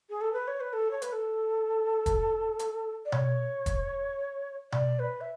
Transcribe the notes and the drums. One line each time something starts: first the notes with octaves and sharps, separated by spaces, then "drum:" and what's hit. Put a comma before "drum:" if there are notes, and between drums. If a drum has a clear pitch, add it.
G#4
A4
B4
C#5
B4
A4
C#5
B4, drum: hi-hat
A4
drum: kick, hi-hat
drum: hi-hat
D5
C#5, drum: tom B2
drum: kick, hi-hat
D5, drum: tom B2
B4
E5